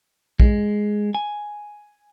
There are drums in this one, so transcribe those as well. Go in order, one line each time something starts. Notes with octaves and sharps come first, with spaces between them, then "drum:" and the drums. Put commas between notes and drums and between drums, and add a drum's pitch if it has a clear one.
G#3, drum: kick
G#5